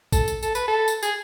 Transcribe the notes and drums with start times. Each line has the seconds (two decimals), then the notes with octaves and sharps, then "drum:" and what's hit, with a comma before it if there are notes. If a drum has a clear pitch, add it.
0.12 A4, drum: kick, tambourine
0.28 drum: tambourine
0.43 A4, drum: tambourine
0.55 B4, drum: tambourine
0.68 A4
0.88 drum: tambourine
1.03 G#4, drum: tambourine